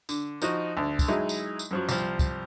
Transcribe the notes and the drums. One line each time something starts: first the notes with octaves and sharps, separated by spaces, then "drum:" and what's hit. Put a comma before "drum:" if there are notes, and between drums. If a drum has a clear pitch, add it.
D3, drum: tambourine
F3 D#4 F#4 D#5, drum: tambourine
D2
drum: kick, tambourine
F#3 G#3 D#4 E4
drum: tambourine
drum: tambourine
F#2 F3 F#3
C2 F3, drum: tambourine
drum: kick, tambourine